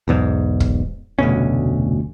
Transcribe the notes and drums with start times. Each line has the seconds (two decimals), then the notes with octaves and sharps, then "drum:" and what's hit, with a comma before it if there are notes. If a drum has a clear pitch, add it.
0.08 B1 E2 G#2
0.60 drum: kick
1.19 F1 D2 B2 C#4